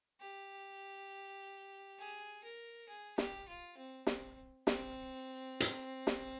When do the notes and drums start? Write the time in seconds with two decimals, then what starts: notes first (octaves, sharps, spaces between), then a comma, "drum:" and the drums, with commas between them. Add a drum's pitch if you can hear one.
0.21 G4
1.99 G#4
2.44 A#4
2.88 G#4
3.18 G4, drum: snare
3.48 F4
3.77 C4
4.07 C4, drum: snare
4.67 C4, drum: snare
5.60 drum: hi-hat
6.07 drum: snare